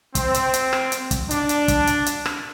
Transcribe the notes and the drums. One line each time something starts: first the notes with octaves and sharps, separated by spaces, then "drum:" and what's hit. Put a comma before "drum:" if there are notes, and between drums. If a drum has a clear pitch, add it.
C4, drum: kick, hi-hat
drum: hi-hat
drum: hi-hat
drum: rim click
drum: hi-hat
drum: kick, hi-hat
D4, drum: hi-hat
drum: hi-hat
drum: kick, hi-hat
drum: hi-hat
drum: hi-hat
drum: rim click